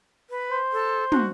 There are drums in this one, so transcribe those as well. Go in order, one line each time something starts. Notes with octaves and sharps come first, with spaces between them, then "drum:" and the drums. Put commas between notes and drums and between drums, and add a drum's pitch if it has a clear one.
B4
C5
A4
F#4, drum: tom